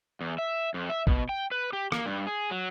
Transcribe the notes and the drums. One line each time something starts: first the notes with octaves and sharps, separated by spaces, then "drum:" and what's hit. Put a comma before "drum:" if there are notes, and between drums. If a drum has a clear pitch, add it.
E2
E5
F2
E5
B2, drum: kick
G5
B4
G4
A#3, drum: rim click
G2
G#4
F#3